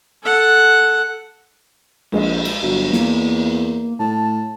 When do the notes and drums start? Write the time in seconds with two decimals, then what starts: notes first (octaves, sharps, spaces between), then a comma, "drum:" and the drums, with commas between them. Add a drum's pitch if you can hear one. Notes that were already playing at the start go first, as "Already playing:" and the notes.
0.23 A4 F#5
2.12 A#1 G#3, drum: cymbal
2.45 drum: cymbal
2.62 G1 F#3
2.93 E2 A#3, drum: snare
3.99 A2 A5